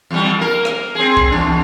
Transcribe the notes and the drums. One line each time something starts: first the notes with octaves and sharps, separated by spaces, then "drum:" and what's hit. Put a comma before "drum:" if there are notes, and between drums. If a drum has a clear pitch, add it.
E2 G3
A#3 A#4
drum: rim click
C4 G#4
drum: kick C2
E2 B2 D4